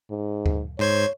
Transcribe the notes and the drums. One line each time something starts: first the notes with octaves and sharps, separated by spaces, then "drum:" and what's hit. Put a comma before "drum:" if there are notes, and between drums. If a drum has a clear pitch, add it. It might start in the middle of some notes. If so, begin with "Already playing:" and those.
G#2
drum: kick D2
G#2 C5 C#5 G#6